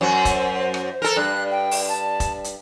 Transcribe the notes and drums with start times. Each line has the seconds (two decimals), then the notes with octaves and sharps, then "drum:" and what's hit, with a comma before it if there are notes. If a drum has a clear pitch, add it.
0.01 F#2 F#4 C5
0.25 drum: kick E1, hi-hat
0.74 drum: rim click
1.02 A4 A#4
1.16 G2 F#6
1.51 G5
1.71 drum: open hi-hat
1.89 A5
2.20 drum: kick E1, hi-hat
2.44 drum: hi-hat